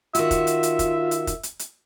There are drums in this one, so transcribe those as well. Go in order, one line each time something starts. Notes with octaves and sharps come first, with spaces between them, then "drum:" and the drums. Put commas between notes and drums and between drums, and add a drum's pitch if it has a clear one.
D#3 F4 F#4 E5, drum: hi-hat
drum: kick F1, hi-hat
drum: hi-hat
drum: hi-hat
drum: kick F1, hi-hat
drum: hi-hat
drum: kick F1, hi-hat
drum: hi-hat
drum: hi-hat